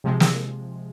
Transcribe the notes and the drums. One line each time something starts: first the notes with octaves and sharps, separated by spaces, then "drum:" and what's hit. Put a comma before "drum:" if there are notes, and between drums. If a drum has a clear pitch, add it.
C3 F3 G#3
drum: snare